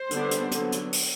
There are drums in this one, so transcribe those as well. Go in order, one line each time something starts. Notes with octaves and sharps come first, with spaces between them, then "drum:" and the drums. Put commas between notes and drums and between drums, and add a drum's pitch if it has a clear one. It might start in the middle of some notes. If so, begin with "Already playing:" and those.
Already playing: C5
D3 G3 B3 D4, drum: hi-hat
drum: hi-hat
D3 F#3 B3, drum: hi-hat
drum: hi-hat
drum: open hi-hat